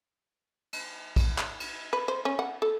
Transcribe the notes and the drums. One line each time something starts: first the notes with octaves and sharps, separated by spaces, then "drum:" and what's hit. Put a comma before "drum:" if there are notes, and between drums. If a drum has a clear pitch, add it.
drum: cymbal
drum: kick, cymbal
drum: clap
drum: cymbal
B4
C5
C#4
F#5
A4